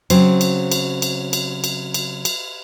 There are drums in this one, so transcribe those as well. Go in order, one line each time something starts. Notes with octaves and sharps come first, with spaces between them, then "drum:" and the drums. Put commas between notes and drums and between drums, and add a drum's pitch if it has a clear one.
C#3 F#3 C4 C5, drum: cymbal
drum: cymbal
drum: cymbal
drum: cymbal
drum: cymbal
drum: cymbal
drum: cymbal
drum: cymbal